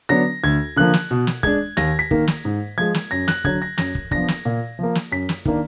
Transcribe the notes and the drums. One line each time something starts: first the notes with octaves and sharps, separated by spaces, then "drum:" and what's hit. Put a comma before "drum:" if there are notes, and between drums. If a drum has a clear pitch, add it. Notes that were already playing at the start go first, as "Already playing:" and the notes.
D3 F#3 B3 D4 A#6
D2 G#6
D3 F3 A#3 F#6
drum: snare
B2
drum: snare
G#3 D4 G#6, drum: kick
D#2 A#6, drum: snare
B6
D#3 A#3, drum: kick
drum: snare
G#2
F3 G#3 G#6
drum: snare
F#2 A#6
F#6, drum: snare
D3 F#3 G#6, drum: kick
A#6
F#2 A#6, drum: snare
drum: kick
F3 B3 D4 A#6, drum: kick
drum: snare
A#2
F3 A#3
drum: snare
F#2 B6
drum: snare
D#3 A#3 D4, drum: kick